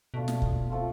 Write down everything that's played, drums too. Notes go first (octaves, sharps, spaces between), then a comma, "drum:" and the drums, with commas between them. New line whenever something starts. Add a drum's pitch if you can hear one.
B2 A3 D4 F4
drum: snare
drum: kick
F3 A3 C4 F4